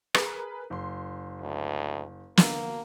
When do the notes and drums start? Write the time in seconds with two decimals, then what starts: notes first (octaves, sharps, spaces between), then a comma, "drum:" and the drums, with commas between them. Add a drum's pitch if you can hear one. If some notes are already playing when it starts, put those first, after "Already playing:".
0.14 G#4 A#4 B4, drum: rim click
0.70 F#1 C6
1.41 D2
2.37 D3 F#3 A#3, drum: snare